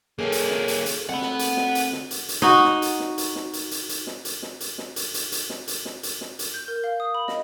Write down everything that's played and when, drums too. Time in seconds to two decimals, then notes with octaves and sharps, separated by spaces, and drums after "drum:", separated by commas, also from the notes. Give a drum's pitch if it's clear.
0.19 A#3 C#4 G#4 A4 C#5
0.32 drum: hi-hat
0.50 drum: snare
0.68 drum: hi-hat
0.86 drum: hi-hat
1.09 D3 A3 C4 F#5 B5
1.21 drum: snare
1.39 drum: hi-hat
1.57 drum: snare
1.75 drum: hi-hat
1.93 drum: snare
2.11 drum: hi-hat
2.28 drum: hi-hat
2.42 D#4 F#4
2.64 drum: snare
2.82 drum: hi-hat
3.00 drum: snare
3.18 drum: hi-hat
3.36 drum: snare
3.53 drum: hi-hat
3.71 drum: hi-hat
3.89 drum: hi-hat
4.07 drum: snare
4.25 drum: hi-hat
4.43 drum: snare
4.60 drum: hi-hat
4.78 drum: snare
4.96 drum: hi-hat
5.14 drum: hi-hat
5.32 drum: hi-hat
5.50 drum: snare
5.68 drum: hi-hat
5.85 drum: snare
6.03 drum: hi-hat
6.21 drum: snare
6.39 drum: hi-hat
6.54 G6
6.68 A#4
6.84 F5
7.00 D#6
7.15 B5
7.28 D#5, drum: snare